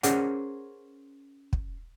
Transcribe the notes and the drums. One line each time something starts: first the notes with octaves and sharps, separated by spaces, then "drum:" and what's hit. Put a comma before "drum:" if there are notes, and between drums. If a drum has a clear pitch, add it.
C#4 G#4 A#4 C5 D5 F#5, drum: hi-hat
drum: kick